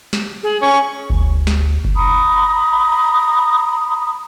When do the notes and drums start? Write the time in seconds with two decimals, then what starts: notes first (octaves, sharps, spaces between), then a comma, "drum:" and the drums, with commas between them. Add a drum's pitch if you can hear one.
0.13 drum: snare
0.43 G#4
0.62 C#4 C#6
1.10 D2, drum: kick F#1
1.47 drum: snare
1.84 drum: kick F#1
1.95 A#5 B5 D#6